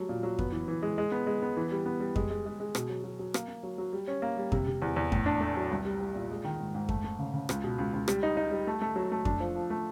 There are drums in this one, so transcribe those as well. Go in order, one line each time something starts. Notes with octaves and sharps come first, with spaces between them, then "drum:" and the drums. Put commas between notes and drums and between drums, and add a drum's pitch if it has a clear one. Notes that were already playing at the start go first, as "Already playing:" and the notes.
Already playing: F#3 G3 A3
A#2
F#3
B3, drum: kick F2
E3
E3
G#3
G#3
B3
G#3
B3
E3
G3
B3
G3
G#3, drum: kick F2
G#3
G#3
G#3
B2, drum: rim click
F#3
F#3
F#3
A#3, drum: rim click
A#3
F#3
F#3
G3
C#4
A#3
G3
C3, drum: kick F2
C3
E2
E2
A2, drum: kick F2
D4
A3
F#3
C2
G3
G3
A#2
G#3
D#3
G#2
G#2
A3, drum: kick F2
A3
C#3
C#3
C#2, drum: rim click
B2
C#2
C#2
G3, drum: rim click
D#4
D#4
G3
A3
A3
F#3
A3
D4, drum: kick F2
F3
F3
A3